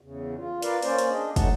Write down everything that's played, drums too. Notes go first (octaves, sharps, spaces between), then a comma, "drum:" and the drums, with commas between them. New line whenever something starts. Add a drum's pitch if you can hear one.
E2 C#3
F4
F4 A#4 B4 D5 F5, drum: hi-hat
A#3 C#4 C5 D5, drum: open hi-hat
drum: hi-hat
D4 G#4 D#5
G2 F#3 A3 D#4 F#5 A5, drum: kick, hi-hat